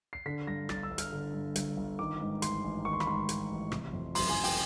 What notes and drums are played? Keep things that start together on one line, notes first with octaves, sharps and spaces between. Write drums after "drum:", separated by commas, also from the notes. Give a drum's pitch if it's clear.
C7
D3 B6
G2 A#6
G1 A6, drum: rim click
E6
G1
F6, drum: hi-hat
D3
G2
G1, drum: hi-hat
G1
D#3 D6
G#2
A1 C6, drum: hi-hat
A1
D#3 C#6
C6
B5, drum: rim click
G#2 C6
A1, drum: hi-hat
A1
C3, drum: rim click
F2
F#1 C6, drum: open hi-hat
G#5
F#1
G5, drum: open hi-hat